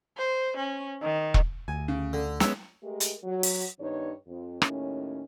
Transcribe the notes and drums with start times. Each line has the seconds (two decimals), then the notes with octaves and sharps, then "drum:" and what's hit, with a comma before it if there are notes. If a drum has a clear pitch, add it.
0.17 C5
0.57 C#4
1.02 D#3
1.34 drum: kick E1
1.68 D2 G#5
1.88 C#3
2.13 D3
2.40 G#3 B3 C#4 E5, drum: snare
2.82 G#3 A3 G4 A#4
3.00 drum: hi-hat
3.24 F#3
3.43 drum: open hi-hat
3.80 G2 D#3 B3 D#4 C#5
4.27 F2
4.62 D#2 A2 C#4, drum: rim click